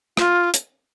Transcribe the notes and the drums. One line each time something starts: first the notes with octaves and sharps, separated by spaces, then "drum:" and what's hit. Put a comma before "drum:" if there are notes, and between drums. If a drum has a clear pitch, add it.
F4, drum: rim click
drum: hi-hat